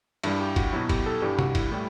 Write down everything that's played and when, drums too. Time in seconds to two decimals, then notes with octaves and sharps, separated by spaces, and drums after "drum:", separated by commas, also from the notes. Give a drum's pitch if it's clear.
0.23 G2 E3 G3 E5, drum: cymbal
0.40 G4
0.56 F#4, drum: kick, cymbal
0.73 B2 F#3 E4
0.89 G4, drum: kick, cymbal
1.06 A4
1.22 G2 E3 G3 G4
1.39 F#4, drum: tom
1.55 E4, drum: kick, cymbal
1.72 A2 E3 G3